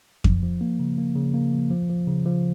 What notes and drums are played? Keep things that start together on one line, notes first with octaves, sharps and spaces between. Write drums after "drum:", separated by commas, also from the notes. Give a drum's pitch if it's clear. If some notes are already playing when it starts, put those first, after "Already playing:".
F3, drum: kick F2
F3
A#3
C#3
A#3
C#3
A#3
F3
F3
F3
C#3
F3